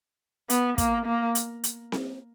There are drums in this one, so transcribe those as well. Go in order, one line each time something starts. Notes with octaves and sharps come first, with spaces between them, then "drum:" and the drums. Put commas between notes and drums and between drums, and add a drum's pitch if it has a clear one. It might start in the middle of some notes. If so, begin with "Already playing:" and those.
B3, drum: hi-hat
A#3, drum: kick, hi-hat
A#3
drum: hi-hat
drum: hi-hat
drum: snare C4